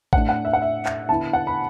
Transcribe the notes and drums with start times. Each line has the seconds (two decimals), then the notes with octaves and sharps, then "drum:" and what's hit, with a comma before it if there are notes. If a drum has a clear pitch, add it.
0.13 A2 A3 D4 F#5, drum: kick A1
0.29 F#5
0.45 E5
0.53 F#5
0.62 E5
0.86 F#5, drum: clap
1.09 D3 B3 E4 A5
1.33 F#5
1.47 B5